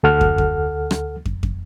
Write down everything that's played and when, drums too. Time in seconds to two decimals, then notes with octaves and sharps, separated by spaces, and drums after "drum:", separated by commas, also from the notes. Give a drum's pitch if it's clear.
0.03 D2 A4 F#5 F6
0.21 drum: kick
0.38 drum: kick
0.91 drum: rim click
1.25 drum: kick
1.43 drum: kick